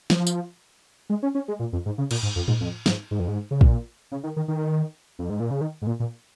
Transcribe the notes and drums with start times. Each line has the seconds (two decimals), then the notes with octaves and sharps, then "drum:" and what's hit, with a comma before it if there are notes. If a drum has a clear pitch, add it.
0.10 F3, drum: snare
0.27 drum: tambourine
1.10 G#3
1.23 C#4
1.35 C#4
1.48 G#3
1.60 A#2
1.73 F2
1.86 G#2
1.98 C#3
2.11 A#2, drum: cymbal
2.23 G#2
2.36 F2
2.48 G#2, drum: tom A2
2.61 F2
2.86 G#2, drum: snare
3.11 G#2
3.20 F2
3.28 G#2
3.51 C#3
3.61 A#2, drum: kick
4.12 C#3
4.23 D#3
4.36 D#3
4.48 D#3
5.19 F2
5.30 G#2
5.40 A#2
5.51 C#3
5.61 D#3
5.82 G#2
5.87 A#2
6.00 A#2